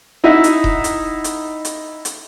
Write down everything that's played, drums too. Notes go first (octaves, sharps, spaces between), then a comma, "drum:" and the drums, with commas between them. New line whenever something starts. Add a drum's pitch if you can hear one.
D#4 E4 D#5 E5 F#5
drum: hi-hat
drum: kick E1
drum: hi-hat
drum: hi-hat
drum: hi-hat
drum: hi-hat